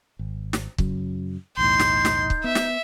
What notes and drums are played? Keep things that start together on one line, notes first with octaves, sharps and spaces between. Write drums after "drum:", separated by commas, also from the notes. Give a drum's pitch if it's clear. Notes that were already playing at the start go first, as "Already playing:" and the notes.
G#1
drum: snare
F#2 C#3 F#3, drum: kick
B1 E2 A2 D#4 C6 G6
drum: snare
drum: snare
drum: kick
B3 E5
drum: snare